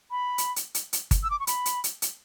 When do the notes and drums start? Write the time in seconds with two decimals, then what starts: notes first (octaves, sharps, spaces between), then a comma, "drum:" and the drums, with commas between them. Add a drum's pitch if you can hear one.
0.11 B5
0.38 drum: hi-hat
0.56 drum: hi-hat
0.74 drum: hi-hat
0.93 drum: hi-hat
1.11 drum: kick G1, hi-hat
1.23 E6
1.30 D6
1.40 C#6
1.47 B5, drum: hi-hat
1.66 drum: hi-hat
1.84 drum: hi-hat
2.02 drum: hi-hat